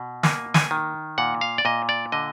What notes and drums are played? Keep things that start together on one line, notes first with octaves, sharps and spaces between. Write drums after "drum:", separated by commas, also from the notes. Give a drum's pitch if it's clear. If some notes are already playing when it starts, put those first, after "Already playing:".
Already playing: B2
A#3 G#5, drum: snare
G#5, drum: snare
D#3
A#2 F#5
F5
D5
A#2 D#5
D5
D3 D#5